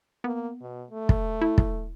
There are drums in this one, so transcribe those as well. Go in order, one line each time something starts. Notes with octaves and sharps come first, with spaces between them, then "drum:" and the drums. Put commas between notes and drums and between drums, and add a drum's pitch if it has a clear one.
A#3 B3
B2
A3
drum: kick
E4
drum: kick